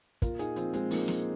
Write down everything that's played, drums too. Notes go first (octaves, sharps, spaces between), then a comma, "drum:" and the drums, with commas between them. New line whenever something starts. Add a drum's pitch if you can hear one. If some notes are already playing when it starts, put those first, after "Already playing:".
A#2 F4 A#4, drum: kick, hi-hat
D#4 G#4, drum: hi-hat
F3 C4 F4, drum: hi-hat
G#3 C4, drum: hi-hat
F3 A#3 D#4, drum: open hi-hat
drum: snare